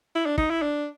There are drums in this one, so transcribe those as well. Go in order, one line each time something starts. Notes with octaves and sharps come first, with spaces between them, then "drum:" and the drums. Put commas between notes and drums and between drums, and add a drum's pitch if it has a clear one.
E4
D4
D#4, drum: kick
E4
D4